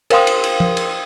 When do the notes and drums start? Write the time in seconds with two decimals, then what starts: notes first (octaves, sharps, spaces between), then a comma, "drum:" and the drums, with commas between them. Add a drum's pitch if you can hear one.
0.10 A#4 C5 F5 G5 C6 D#6, drum: cymbal
0.27 drum: cymbal
0.44 drum: cymbal
0.60 drum: tom F3
0.77 drum: cymbal